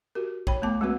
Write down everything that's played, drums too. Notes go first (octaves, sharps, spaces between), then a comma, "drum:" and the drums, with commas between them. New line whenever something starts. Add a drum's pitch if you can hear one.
F#4 G4 A#4
C#5 G5 B5, drum: kick A#1
A3 B3 A5 D6
G#3 A#3 C4 F#4 B4